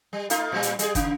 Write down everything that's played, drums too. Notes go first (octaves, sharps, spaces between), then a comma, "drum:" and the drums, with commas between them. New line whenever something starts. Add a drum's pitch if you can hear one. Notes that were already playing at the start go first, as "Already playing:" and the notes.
G3
A3 D#4 F4, drum: hi-hat
A2 G3
drum: hi-hat
G3 G#4, drum: hi-hat
C#3, drum: kick, hi-hat